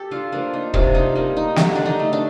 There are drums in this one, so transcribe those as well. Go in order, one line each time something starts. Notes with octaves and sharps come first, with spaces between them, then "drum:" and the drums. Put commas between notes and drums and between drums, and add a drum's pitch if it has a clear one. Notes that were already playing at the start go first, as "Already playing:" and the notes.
Already playing: G4 A4
D4 F4
F3 A#3 D4
D#4
C3 D4 F4, drum: kick
D#4
G3 A#3 D#4
D#4
D3 D#4 G4, drum: snare
D4
D#4
A3
D4